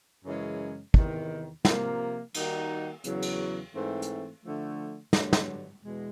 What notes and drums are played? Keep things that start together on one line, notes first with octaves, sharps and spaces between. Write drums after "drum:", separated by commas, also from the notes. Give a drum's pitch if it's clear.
F#2 C#3 E3 G#3 C#4
E2 C3 D#3, drum: kick
C3 F3 A#3, drum: snare
D#3 G3 A#3 D#4 F#4, drum: cymbal
E2 C#3 F#3, drum: hi-hat
drum: cymbal
G#2 E3 A3 C4
drum: hi-hat
D3 F3 A3
G2 D3 F#3, drum: snare
drum: snare
E2 B2 G#3